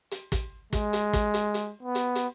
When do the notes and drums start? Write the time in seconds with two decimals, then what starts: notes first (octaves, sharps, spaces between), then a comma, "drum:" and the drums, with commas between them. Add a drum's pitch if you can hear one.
0.11 drum: hi-hat
0.32 drum: kick, hi-hat
0.73 G#3, drum: kick, hi-hat
0.93 drum: hi-hat
1.13 drum: kick, hi-hat
1.34 drum: hi-hat
1.54 drum: hi-hat
1.83 B3
1.95 drum: hi-hat
2.15 drum: hi-hat